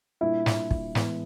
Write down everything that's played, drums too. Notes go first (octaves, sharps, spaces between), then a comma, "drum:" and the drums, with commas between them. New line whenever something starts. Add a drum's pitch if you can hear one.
A#2 G3 A#3 D4 E4 F4
drum: snare
drum: kick
A2 E3 G#3 B3 E4, drum: snare